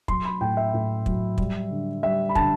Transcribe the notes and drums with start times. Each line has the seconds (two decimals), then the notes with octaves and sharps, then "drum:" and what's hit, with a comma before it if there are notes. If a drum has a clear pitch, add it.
0.08 F#3 C6, drum: kick
0.25 B5
0.41 A2 G5
0.57 E5
0.74 A2
1.06 F#3, drum: kick
1.38 G3, drum: kick
1.70 D3
2.03 G3 E5
2.29 B5
2.35 D3 A5, drum: kick